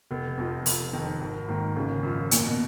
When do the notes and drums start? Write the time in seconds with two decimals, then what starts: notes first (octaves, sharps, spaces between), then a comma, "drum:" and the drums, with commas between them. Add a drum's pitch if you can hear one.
0.11 F1 B3
0.38 F2 F3
0.66 F1, drum: open hi-hat
0.93 F2 D#3
1.20 G#1
1.48 G#2 D#3 A#3
1.76 G#1 C#3
2.03 F#2 F3
2.31 D#2 A#2, drum: hi-hat
2.45 B2